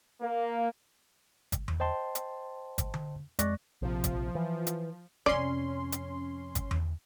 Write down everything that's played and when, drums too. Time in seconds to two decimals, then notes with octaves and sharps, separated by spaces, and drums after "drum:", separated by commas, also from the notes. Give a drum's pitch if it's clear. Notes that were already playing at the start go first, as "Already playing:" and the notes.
0.21 A#3
1.52 drum: kick G1, hi-hat
1.68 drum: tom E2
1.80 C5 D#5 G5 A5 C6
2.15 drum: hi-hat
2.78 drum: kick G1, hi-hat
2.94 drum: tom D3
3.39 F2 G#3 D5 C#6 F#6 A#6, drum: hi-hat
3.82 A#1 C3 F3
4.04 drum: kick G1, hi-hat
4.35 E3
4.67 drum: hi-hat
5.26 F2 C3 C#4 D5 C6
5.92 drum: hi-hat
6.55 drum: kick G1, hi-hat
6.71 drum: tom E2